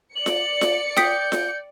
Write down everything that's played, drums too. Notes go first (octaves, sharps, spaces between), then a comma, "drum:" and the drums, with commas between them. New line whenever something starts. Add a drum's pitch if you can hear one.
D5 C#7 F#7
drum: snare F4
drum: snare F4
G5 D#6 G6 B6, drum: snare F4
drum: snare F4